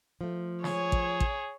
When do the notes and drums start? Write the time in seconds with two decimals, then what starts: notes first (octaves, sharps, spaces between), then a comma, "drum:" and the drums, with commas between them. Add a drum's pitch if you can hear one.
0.21 F3 A3
0.64 G#4 C#5, drum: snare
0.92 drum: kick
1.20 drum: kick